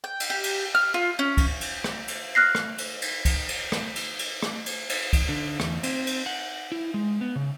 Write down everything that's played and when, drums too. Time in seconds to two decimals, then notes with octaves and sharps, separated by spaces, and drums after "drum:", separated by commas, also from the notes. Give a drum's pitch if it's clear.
0.04 G5
0.20 drum: cymbal
0.30 G4
0.44 drum: cymbal
0.75 F6
0.94 F4
1.19 C#4
1.37 drum: kick C2, cymbal
1.61 drum: cymbal
1.84 drum: rim click
2.08 drum: cymbal
2.35 F6 F#6 A#6 C7
2.55 drum: rim click
2.78 drum: cymbal
3.02 drum: cymbal
3.25 drum: kick C2, cymbal
3.49 drum: cymbal
3.72 drum: rim click
3.96 drum: cymbal
4.19 drum: cymbal
4.43 drum: rim click
4.66 drum: cymbal
4.89 drum: cymbal
5.13 drum: kick C2, cymbal
5.29 D3
5.60 E2, drum: rim click
5.83 C4, drum: cymbal
6.07 drum: cymbal
6.26 F#5
6.72 E4
6.94 G#3
7.21 B3
7.36 C#3